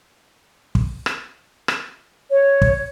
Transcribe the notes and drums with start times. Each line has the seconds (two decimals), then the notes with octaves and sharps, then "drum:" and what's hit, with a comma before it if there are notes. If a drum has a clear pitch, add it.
0.75 drum: kick
1.06 drum: rim click
1.68 drum: rim click
2.30 C#5
2.62 drum: kick